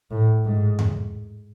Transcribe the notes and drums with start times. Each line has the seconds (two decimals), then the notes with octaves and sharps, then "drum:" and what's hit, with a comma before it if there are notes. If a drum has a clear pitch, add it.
0.11 A2
0.45 G#2
0.79 drum: tom E2